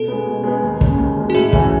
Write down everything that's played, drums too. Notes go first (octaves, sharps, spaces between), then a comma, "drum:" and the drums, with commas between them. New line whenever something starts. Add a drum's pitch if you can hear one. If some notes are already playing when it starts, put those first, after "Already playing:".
Already playing: B2 A4
G#3 B3
B2
G#3 B3
D#2
C#3 G#3, drum: kick
D#2
C#3 G#3
F#4
A2 G#4
E3 A3 C#4 F#4, drum: kick